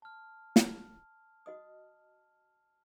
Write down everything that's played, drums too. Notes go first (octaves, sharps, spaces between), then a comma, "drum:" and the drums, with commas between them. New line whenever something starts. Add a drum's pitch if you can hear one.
A5 F6
drum: snare
F#4 D#5 D#6